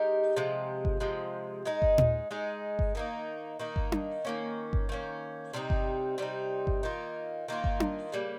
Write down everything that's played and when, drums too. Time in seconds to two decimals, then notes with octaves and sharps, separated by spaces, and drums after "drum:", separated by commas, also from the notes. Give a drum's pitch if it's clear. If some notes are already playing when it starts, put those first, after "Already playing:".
Already playing: G#3 D#4 G4 A#4
0.36 C3 F3 G#3
0.85 drum: kick G1
1.00 C3 F3 G#3
1.65 G#3 D#4 G#4
1.82 drum: kick G1
1.98 drum: tom A#2
2.31 G#3 D#4 G#4
2.79 drum: kick G1
2.95 D#3 A#3 D#4
3.60 D#3 A#3 D#4
3.76 drum: kick G1
3.92 drum: tom D4
4.25 D#3 A#3 C#4
4.73 drum: kick G1
4.89 D#3 A#3 C#4
5.53 C3 G3 C4 D#4
5.70 drum: kick G1
6.18 C3 G3 C4 D#4
6.67 drum: kick G1
6.83 D#3 A#3 F4
7.48 D#3 A#3 F4
7.64 drum: kick G1
7.80 drum: tom D4
8.12 C#3 G3 A#3